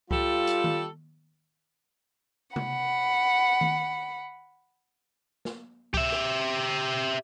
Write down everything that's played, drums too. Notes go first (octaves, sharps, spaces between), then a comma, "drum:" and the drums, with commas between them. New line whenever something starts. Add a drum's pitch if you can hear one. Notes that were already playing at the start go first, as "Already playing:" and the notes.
G3 F4 A4, drum: kick C2
drum: hi-hat
drum: tom D#3
F#5 B5, drum: tom
drum: tom D#3
drum: snare
G4 E5, drum: kick C2
drum: rim click